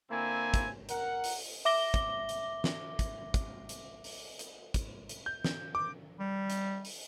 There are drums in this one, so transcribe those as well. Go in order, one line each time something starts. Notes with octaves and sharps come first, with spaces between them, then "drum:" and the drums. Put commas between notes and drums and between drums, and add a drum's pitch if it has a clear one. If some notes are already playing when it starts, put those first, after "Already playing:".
D3 A#3 C4 E4 G#5
drum: kick, hi-hat
A#4 F#5, drum: hi-hat
drum: open hi-hat
E5 D6 A#6 G7
drum: kick, hi-hat
drum: hi-hat
drum: snare
drum: kick, hi-hat
drum: kick, hi-hat
drum: hi-hat
drum: open hi-hat
drum: hi-hat
drum: kick, hi-hat
drum: hi-hat
G6
drum: snare
D6
G3
drum: hi-hat
drum: open hi-hat